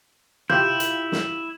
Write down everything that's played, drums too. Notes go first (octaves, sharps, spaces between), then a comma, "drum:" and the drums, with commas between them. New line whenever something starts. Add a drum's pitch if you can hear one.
E4 F4 G4 G6, drum: tom
drum: hi-hat
drum: snare